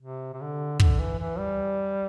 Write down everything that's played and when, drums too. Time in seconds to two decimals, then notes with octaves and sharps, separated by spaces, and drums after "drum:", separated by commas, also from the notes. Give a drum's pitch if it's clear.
0.02 C3
0.33 C3
0.41 D3
0.80 D3, drum: kick
0.99 E3
1.19 E3
1.38 G3